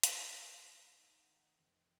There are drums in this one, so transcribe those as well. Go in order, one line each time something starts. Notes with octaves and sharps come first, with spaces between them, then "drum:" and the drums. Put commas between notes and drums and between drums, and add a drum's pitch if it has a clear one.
drum: hi-hat
G#2 F5 G5
D#4
A2 D#3 F#5
F1 C4